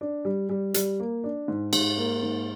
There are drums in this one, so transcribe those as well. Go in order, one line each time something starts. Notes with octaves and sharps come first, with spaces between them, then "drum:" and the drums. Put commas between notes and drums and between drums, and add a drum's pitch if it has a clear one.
D4
G3
G3
G3, drum: hi-hat
A#3
D4
G#2
G#2, drum: cymbal
A#3
G#2